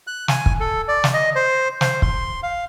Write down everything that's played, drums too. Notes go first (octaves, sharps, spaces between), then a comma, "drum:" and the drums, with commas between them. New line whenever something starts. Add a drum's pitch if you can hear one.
F#6
G#5, drum: snare
drum: kick
A4
D5
drum: snare
D#5
C5
C5, drum: snare
C6, drum: kick
F5